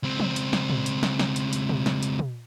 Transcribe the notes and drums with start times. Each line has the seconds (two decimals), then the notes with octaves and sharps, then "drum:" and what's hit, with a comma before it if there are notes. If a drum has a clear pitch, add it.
0.03 C#2 C4
0.20 drum: tom
0.36 drum: hi-hat
0.53 drum: snare
0.70 drum: tom
0.86 drum: hi-hat
1.03 drum: snare
1.19 drum: snare
1.36 drum: hi-hat
1.53 drum: hi-hat
1.69 drum: tom
1.86 drum: snare
2.03 drum: hi-hat
2.19 drum: tom